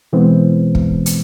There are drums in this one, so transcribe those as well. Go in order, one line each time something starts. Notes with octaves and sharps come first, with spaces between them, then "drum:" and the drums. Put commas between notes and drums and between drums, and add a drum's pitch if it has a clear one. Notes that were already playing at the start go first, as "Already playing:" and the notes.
B2 E3 G#3 B3 C4
drum: kick
drum: hi-hat